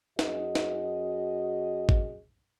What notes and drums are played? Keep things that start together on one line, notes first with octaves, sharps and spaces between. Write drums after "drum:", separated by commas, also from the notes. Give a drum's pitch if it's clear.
F#2 F#4 G#4 D#5, drum: snare
drum: snare
drum: kick G#1